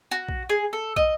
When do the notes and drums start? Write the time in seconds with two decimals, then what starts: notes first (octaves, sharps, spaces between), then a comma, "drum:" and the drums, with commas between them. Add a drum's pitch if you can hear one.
0.11 F#4
0.29 drum: kick
0.49 G#4
0.73 A4
0.96 D#5, drum: kick